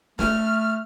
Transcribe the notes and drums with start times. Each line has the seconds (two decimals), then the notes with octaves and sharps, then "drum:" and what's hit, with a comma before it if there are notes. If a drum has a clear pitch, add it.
0.19 A3 F6, drum: snare